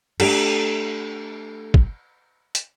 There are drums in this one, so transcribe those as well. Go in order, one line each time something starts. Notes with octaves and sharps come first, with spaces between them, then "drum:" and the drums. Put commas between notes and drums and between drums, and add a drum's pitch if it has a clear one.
A3 D4 G4 A4, drum: cymbal
drum: kick
drum: hi-hat